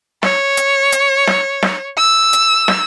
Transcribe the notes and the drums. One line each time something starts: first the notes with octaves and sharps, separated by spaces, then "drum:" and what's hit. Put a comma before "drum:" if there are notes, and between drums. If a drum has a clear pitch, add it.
C#5, drum: snare
drum: hi-hat
drum: hi-hat
drum: snare
drum: snare
E6
drum: hi-hat
drum: snare